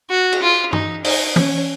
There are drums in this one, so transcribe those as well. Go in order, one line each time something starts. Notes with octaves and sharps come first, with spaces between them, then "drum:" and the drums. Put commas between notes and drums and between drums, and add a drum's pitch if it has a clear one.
F#4
drum: cymbal
F4
D#4, drum: tom
D#4, drum: open hi-hat
C#4, drum: tom